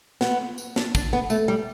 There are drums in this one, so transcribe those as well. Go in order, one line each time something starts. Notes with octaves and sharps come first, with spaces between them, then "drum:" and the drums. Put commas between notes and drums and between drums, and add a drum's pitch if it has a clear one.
B3, drum: snare
drum: tambourine
D4, drum: snare
D4, drum: kick, tambourine
B3
A3, drum: tambourine
G3